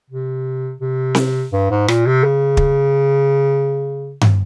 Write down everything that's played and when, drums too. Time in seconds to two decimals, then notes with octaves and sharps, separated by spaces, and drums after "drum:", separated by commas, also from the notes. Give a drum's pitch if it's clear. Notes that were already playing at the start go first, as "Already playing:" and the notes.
0.10 C3
0.81 C3
1.15 drum: snare C4
1.52 G2
1.70 G#2
1.88 A#2, drum: rim click
2.06 C3
2.24 C#3
2.57 drum: kick
4.21 drum: tom G2